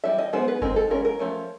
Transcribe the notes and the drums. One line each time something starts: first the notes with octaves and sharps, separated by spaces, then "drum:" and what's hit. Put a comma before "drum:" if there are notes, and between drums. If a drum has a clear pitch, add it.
E3 G3 E5
D#5
G#3 B3 D#4 C5
B4
G#3 C4 D#4 A#4, drum: kick G1
A4
E3 G#3 C#4 A#4
A#4
F3 A3 C#4